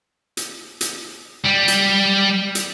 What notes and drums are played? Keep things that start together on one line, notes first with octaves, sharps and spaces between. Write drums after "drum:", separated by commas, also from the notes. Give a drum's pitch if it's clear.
drum: hi-hat
drum: hi-hat
G3
drum: hi-hat
drum: hi-hat